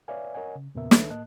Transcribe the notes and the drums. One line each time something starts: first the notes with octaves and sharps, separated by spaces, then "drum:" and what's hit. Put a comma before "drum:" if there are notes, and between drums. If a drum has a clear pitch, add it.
B4 C#5 D5 E5 F5 G#5
A#4 C#5 D#5 F#5 G#5
C#3
E2 A#2 C#3 B3 A#4 E5
C#2 D#3 D4 A4 B4 E5, drum: snare
A2 A#3 D#5 A5 F#6